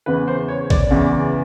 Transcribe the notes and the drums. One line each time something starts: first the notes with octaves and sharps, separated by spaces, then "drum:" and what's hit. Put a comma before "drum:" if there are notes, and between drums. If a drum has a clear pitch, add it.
E2 C#3 E3 B4
C5
C#5
D5, drum: kick G#1
E2 C#3 E3